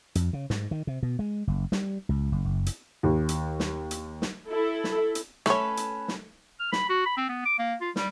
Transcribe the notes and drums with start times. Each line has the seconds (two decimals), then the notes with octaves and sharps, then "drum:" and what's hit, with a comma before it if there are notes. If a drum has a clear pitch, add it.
0.15 F2, drum: hi-hat
0.33 C#3
0.50 G#2, drum: snare
0.71 D#3
0.87 C3
1.03 B2
1.19 G#3
1.47 F#1
1.72 G3, drum: snare
2.09 C#2
2.32 F#1
2.45 F#1
2.66 drum: hi-hat
3.03 D#2
3.29 drum: hi-hat
3.60 drum: snare
3.91 drum: hi-hat
4.22 drum: snare
4.49 E4 A4
4.84 drum: snare
5.15 drum: hi-hat
5.46 A3 C#4 A4 B4 C#5, drum: snare
5.77 drum: hi-hat
6.08 drum: snare
6.60 F6
6.73 B5, drum: snare
6.89 F#4
7.06 B5
7.17 C4
7.29 B3
7.46 D6
7.59 A#3
7.81 F4
7.96 G3, drum: snare